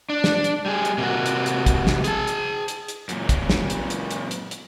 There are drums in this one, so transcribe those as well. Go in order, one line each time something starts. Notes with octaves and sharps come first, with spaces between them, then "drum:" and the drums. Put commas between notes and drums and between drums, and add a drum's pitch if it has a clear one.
D4
drum: snare
drum: hi-hat
G3 G#4
drum: hi-hat
C3 A#3 F#4
drum: hi-hat
drum: hi-hat
drum: kick, hi-hat
drum: snare
G#4 A5, drum: hi-hat
drum: hi-hat
drum: hi-hat
drum: hi-hat
F#2 A#2, drum: hi-hat
drum: kick, hi-hat
drum: snare
drum: hi-hat
drum: hi-hat
drum: hi-hat
drum: hi-hat
drum: hi-hat